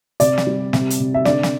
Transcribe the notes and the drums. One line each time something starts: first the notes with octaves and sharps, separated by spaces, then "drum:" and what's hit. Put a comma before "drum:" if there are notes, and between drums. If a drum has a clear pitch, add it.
C3 D5, drum: hi-hat
drum: snare
G3
C3, drum: snare
drum: hi-hat
C3
E5
D3 D5, drum: snare
drum: snare